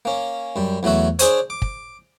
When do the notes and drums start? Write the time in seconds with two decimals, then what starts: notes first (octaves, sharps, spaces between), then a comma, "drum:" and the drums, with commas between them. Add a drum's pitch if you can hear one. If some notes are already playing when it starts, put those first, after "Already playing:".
0.05 A#3 C#4
0.56 F#2 G3
0.83 E2 F#3 A3 F#4 E5
1.19 D4 G#4 C5 C#5, drum: hi-hat
1.50 D6
1.62 drum: kick